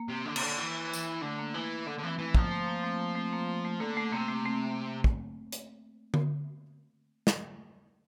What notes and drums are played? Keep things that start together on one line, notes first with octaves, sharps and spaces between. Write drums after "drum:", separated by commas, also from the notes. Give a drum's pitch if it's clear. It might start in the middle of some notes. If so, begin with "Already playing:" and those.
Already playing: A#3
C3
D3
C3, drum: cymbal
D3
E3
drum: tambourine
D3 A3
A#3
E3 A#3
D3
D3
E3 A3 C4
E3 A3
F3 A#3, drum: kick
A3
A#3
A3 C4
A#3
A3 C4
A#3
A3
A3
D3 A#3
A3
C3 A#3
A3
A3 C4
drum: kick
drum: hi-hat
drum: tom D3
drum: snare